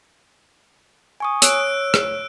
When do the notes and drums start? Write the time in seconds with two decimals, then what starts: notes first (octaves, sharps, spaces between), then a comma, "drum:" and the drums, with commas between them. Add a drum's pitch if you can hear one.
1.20 G#5 C#6 D#6
1.42 C#5 E6 F#6 D7, drum: hi-hat
1.94 drum: rim click